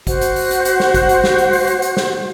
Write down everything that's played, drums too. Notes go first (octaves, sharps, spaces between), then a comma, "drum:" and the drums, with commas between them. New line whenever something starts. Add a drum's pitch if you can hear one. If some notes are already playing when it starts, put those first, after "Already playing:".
F#4 C5 F#5, drum: kick, hi-hat
drum: hi-hat
drum: open hi-hat
drum: hi-hat
drum: hi-hat
drum: snare
drum: kick, hi-hat
drum: hi-hat
drum: snare
drum: hi-hat
drum: open hi-hat
drum: hi-hat
drum: hi-hat
drum: snare